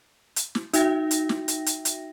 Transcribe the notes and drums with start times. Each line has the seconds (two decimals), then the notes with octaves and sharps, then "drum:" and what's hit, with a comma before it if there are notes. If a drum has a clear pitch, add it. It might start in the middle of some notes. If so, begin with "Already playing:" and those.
0.36 drum: hi-hat
0.55 drum: snare
0.73 D#4 F#4 E5 G5 A#6, drum: hi-hat
1.11 drum: hi-hat
1.29 drum: snare
1.48 drum: hi-hat
1.66 drum: hi-hat
1.85 drum: hi-hat